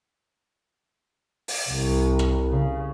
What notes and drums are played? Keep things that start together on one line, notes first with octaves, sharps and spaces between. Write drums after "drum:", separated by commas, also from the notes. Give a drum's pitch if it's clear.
drum: open hi-hat
C2
drum: rim click
C#3